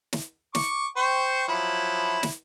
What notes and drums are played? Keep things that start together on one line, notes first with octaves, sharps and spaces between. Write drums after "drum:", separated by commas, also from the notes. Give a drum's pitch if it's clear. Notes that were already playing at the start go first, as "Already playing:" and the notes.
drum: snare
C#6 D6, drum: snare
C5 G5 C#6
F3 F#3 E4
drum: snare